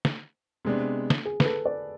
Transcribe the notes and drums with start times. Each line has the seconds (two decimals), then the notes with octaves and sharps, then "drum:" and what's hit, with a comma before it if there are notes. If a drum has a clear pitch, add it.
0.05 drum: snare
0.65 C3 G#3 B3 D4
1.10 drum: snare
1.25 G#4
1.40 B4, drum: snare
1.46 A4
1.65 D5